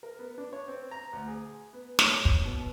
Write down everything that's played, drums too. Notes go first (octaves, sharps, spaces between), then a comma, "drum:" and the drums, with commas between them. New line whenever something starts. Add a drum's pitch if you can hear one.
A#4
B3
D4
C#5
C4
A#5
D2
G#4
B3
A2, drum: snare
drum: kick
B2